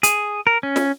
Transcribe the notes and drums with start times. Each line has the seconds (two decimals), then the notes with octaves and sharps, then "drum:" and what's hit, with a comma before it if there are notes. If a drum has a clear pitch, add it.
0.03 G#4, drum: hi-hat
0.47 A#4
0.63 C#4
0.76 drum: snare